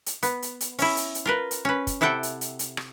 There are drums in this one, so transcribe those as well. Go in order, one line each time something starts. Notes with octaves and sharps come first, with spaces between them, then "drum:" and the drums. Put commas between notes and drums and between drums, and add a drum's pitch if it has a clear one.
drum: hi-hat
B3, drum: hi-hat
drum: hi-hat
drum: hi-hat
C#4 E4, drum: open hi-hat
drum: hi-hat
drum: hi-hat
F4 A#4 B4
drum: hi-hat
C#4 B4
drum: kick, hi-hat
C3 E4 A4 F#5 G5
drum: hi-hat
drum: hi-hat
drum: hi-hat
drum: rim click